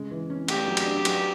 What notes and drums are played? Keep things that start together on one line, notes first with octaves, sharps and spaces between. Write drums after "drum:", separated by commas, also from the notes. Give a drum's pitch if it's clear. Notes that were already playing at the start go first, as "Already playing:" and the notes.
Already playing: C#3 G#3
E3
C#4
A3 G4, drum: cymbal
F#3
drum: cymbal
D4
F#3, drum: cymbal